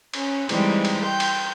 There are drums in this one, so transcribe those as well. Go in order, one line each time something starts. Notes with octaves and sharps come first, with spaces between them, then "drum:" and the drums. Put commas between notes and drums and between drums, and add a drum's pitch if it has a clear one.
C#4, drum: cymbal
E3 G3 G#3 C4 D#4, drum: cymbal
drum: cymbal
G5 C6 G6
drum: cymbal